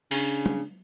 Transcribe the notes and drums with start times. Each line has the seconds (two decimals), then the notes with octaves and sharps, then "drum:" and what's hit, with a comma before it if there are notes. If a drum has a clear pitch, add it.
0.11 C#3 D4, drum: open hi-hat
0.46 drum: tom